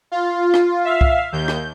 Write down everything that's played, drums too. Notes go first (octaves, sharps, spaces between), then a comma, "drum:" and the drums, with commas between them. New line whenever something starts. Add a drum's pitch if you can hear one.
F4
drum: rim click
E5 F5
drum: kick C2
D#2 G6
drum: rim click